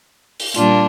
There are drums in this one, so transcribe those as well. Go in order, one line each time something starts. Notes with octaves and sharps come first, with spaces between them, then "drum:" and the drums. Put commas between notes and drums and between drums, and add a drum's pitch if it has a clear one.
drum: open hi-hat
A#2 G3 A#3 D4 F4, drum: hi-hat